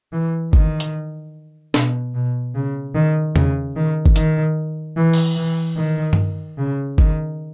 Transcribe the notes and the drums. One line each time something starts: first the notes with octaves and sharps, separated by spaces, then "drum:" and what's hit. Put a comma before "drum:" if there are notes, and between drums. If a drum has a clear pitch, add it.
E3
D#3, drum: kick G1
drum: hi-hat
B2, drum: snare
B2
C#3
D#3
C#3, drum: tom E2
D#3
drum: kick G1
D#3, drum: hi-hat
E3
drum: cymbal
E3
D#3
drum: tom G2
C#3
D#3, drum: kick G1